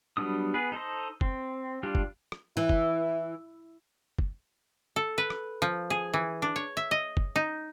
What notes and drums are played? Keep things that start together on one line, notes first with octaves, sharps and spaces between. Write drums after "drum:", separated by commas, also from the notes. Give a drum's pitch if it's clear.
F#3 G3 B3 D4 D#6
B3 G#4 B4
D#4 A4 C5 D#5
C4, drum: kick F#1
G3 D4 F4 G4
drum: kick F#1
drum: rim click
E3 E4
drum: kick F#1
drum: kick F#1
A4
B4
drum: rim click
F3
G#4
E3
D4
C#5
E5
D#5
drum: kick F#1
D#4